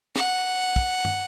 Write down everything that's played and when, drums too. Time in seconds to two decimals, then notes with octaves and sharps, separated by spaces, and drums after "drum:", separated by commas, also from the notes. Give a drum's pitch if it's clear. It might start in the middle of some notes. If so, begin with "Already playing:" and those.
0.16 F#5, drum: snare
0.76 drum: kick
1.05 drum: tom